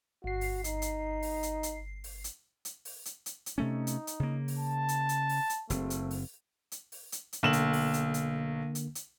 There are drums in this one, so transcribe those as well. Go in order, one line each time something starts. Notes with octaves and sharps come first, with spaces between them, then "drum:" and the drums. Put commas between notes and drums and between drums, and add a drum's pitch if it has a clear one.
G1 F#4 C7
drum: open hi-hat
D#4, drum: hi-hat
drum: hi-hat
drum: open hi-hat
drum: hi-hat
drum: hi-hat
drum: open hi-hat
drum: hi-hat
drum: hi-hat
drum: open hi-hat
drum: hi-hat
drum: hi-hat
drum: hi-hat
C3 A3 C#4 D#4
drum: hi-hat
drum: hi-hat
C#3 A#3
drum: open hi-hat
A5
drum: hi-hat
drum: hi-hat
drum: open hi-hat
drum: hi-hat
F#1 C#3 A3 C4, drum: hi-hat
drum: hi-hat
drum: open hi-hat
drum: hi-hat
drum: open hi-hat
drum: hi-hat
drum: hi-hat
B1 D3 A#3 E7 F#7
drum: hi-hat
drum: open hi-hat
drum: hi-hat
drum: hi-hat
drum: hi-hat
drum: hi-hat